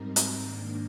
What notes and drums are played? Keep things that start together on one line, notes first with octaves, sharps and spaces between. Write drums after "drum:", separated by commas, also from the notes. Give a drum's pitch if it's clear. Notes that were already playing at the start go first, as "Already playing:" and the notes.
Already playing: G#2 G3 C4 D#4 A#4
drum: hi-hat
G#2 D#3 A#3 D4